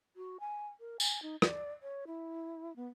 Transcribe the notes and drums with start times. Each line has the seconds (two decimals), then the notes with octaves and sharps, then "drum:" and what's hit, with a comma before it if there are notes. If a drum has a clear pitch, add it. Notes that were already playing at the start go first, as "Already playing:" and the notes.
0.16 F#4
0.40 G#5
0.80 A#4
1.00 G#5, drum: tambourine
1.23 D#4
1.42 D5, drum: rim click
1.82 C#5
2.07 E4
2.76 B3